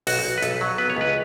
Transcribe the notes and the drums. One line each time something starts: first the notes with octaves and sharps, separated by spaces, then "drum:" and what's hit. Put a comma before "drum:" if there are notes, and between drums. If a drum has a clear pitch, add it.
B1 F#4, drum: open hi-hat
B1
B4
B1 A4, drum: hi-hat
F#3
B3 B4
C#5
C#2 B4